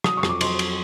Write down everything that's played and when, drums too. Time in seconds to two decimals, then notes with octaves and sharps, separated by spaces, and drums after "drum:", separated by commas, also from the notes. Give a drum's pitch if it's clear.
0.04 F#3 D#6, drum: rim click
0.17 C#6
0.23 F2, drum: rim click
0.29 D6
0.41 F#3 C6, drum: cymbal
0.59 drum: cymbal